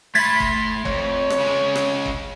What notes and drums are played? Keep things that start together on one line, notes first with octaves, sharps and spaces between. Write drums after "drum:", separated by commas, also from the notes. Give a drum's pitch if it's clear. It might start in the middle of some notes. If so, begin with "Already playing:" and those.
A3 B5 C6 G#6 A6 B6
drum: kick
F2 C#5, drum: kick
drum: rim click
C#3 G#3
drum: rim click
drum: kick